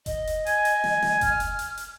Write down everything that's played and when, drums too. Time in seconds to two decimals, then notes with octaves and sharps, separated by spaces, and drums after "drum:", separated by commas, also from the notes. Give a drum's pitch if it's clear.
0.06 D#5, drum: kick F1, hi-hat
0.27 drum: hi-hat
0.46 G#5, drum: hi-hat
0.65 drum: hi-hat
0.84 drum: snare
1.02 drum: snare
1.21 F6, drum: kick F1, hi-hat
1.40 drum: hi-hat
1.59 drum: hi-hat
1.77 drum: hi-hat